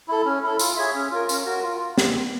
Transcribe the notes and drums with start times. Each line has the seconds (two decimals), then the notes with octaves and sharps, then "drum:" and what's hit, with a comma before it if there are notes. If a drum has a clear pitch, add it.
0.08 E4 A4
0.25 C#4
0.43 E4 A4
0.59 F4, drum: tambourine
0.76 G#4 C#5 E5
0.94 C#4
1.11 F4 A#4
1.29 C#4, drum: tambourine
1.46 F#4 A#4
1.63 F4
1.98 drum: snare